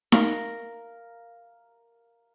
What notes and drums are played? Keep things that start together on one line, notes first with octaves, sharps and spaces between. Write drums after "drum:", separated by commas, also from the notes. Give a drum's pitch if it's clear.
A#4 F5 A#5, drum: snare D#4